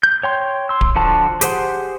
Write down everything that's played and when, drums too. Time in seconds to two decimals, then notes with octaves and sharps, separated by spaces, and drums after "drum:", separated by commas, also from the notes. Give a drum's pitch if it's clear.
0.03 G6
0.23 C#5 G5 C6
0.69 C6 E6
0.81 drum: kick D1
0.96 D3 F3 F#4 A5
1.41 G4 G#4 C5 F#5 C6, drum: hi-hat